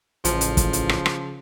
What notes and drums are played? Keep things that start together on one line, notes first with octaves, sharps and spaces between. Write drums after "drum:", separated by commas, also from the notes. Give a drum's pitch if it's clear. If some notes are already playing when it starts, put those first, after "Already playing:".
A1 C#3 F3, drum: hi-hat
drum: hi-hat
drum: kick, hi-hat
drum: hi-hat
drum: rim click
drum: rim click